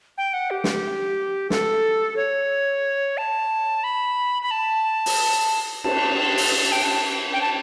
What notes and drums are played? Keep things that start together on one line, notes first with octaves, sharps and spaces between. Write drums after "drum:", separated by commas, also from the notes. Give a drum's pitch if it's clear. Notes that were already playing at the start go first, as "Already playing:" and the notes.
G5
F#5
G4
drum: snare
A4, drum: snare
C#5
A5
B5
B5
A5
drum: open hi-hat
A5, drum: cymbal
drum: open hi-hat
G5
A5
G5
A5